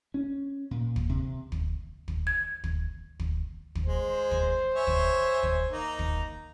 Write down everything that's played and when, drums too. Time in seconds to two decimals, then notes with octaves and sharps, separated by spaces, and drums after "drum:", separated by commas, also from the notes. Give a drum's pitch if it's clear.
0.14 C#4
0.71 A#2
0.96 drum: kick
1.09 C3
1.52 drum: kick
2.08 drum: kick
2.27 G#6
2.64 drum: kick
3.20 drum: kick
3.75 drum: kick
3.86 G#3 C5
4.31 drum: kick
4.74 C#5 E5 G#5
4.87 drum: kick
5.43 drum: kick
5.71 A#3 D#4 A#5
5.99 drum: kick